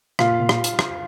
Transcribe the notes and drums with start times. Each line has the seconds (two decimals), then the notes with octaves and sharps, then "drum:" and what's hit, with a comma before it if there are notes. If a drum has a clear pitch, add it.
0.19 A#2 F4 F5, drum: rim click
0.40 A#2
0.49 drum: rim click
0.64 drum: hi-hat
0.79 drum: rim click